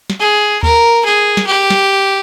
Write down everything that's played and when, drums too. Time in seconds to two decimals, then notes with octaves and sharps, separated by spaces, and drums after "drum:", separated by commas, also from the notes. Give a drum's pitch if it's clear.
0.10 drum: snare
0.20 G#4
0.63 A#4, drum: kick D2
1.05 G#4
1.37 drum: snare
1.47 G4
1.70 drum: snare